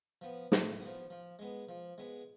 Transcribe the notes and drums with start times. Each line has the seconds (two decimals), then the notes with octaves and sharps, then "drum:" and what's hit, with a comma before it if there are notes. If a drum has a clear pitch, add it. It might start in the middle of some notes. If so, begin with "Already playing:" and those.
0.21 F3 B3
0.52 A2, drum: snare
0.80 B3
0.86 F3
1.10 F3
1.39 G#3 B3
1.69 F3
1.98 G#3 B3